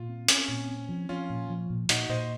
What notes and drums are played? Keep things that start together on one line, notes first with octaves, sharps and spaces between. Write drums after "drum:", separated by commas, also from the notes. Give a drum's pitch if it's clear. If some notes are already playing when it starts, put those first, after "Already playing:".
Already playing: A#2 F4
C4
C4 C#4, drum: hi-hat
A#2
C4
F3
F3 C#4 F4
A#2
F3
A#2
A#2 D#4 F#4, drum: hi-hat
A#2 C5 D#5